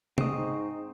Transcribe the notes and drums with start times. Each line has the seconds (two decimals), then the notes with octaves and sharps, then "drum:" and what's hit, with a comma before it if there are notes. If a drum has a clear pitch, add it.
0.18 G#2 C4 D#4 C5 C#6 D#6, drum: tom